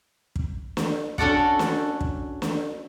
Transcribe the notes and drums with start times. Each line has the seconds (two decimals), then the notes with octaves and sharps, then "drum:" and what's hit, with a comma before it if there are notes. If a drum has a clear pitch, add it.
0.36 drum: kick
0.77 drum: snare
1.18 C#4 D4 F#4 A4 D5 F#5, drum: kick
1.59 drum: snare
2.01 drum: kick
2.42 drum: snare